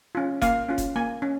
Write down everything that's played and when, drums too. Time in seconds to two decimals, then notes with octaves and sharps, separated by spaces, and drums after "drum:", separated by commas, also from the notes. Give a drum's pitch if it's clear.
0.15 C#4 F4
0.42 A#3 F5, drum: kick F1, hi-hat
0.69 C#4 F4
0.78 drum: kick F1, hi-hat
0.96 A#3 G#5
1.22 C#4